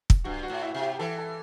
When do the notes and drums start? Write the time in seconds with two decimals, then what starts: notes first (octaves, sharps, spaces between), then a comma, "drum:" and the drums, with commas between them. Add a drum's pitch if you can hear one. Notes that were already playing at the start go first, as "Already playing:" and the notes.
0.10 drum: kick
0.24 G2 F#4
0.43 F#4
0.49 A2
0.62 E4
0.74 C3
0.81 G4
0.99 E3 A4
1.18 A4